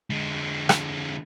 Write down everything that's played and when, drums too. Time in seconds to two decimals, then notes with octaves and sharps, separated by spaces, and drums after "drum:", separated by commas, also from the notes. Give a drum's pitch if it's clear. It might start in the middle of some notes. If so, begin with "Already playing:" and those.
0.10 D3 G#3
0.69 drum: rim click